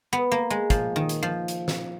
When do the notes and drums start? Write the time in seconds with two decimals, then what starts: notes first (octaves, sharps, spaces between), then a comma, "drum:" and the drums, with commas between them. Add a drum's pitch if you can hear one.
0.13 B3
0.32 A#3
0.50 G#3
0.70 F3, drum: kick, hi-hat
0.96 D#3
1.09 drum: hi-hat
1.23 F3
1.48 drum: hi-hat
1.68 drum: snare